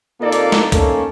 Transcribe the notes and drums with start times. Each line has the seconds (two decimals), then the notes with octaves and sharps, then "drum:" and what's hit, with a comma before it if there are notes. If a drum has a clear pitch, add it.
0.21 C3 A#3 D#4 F4 A4 D5
0.32 drum: hi-hat
0.52 drum: snare
0.72 A3 A#3 C#4 D#4 A4, drum: kick, hi-hat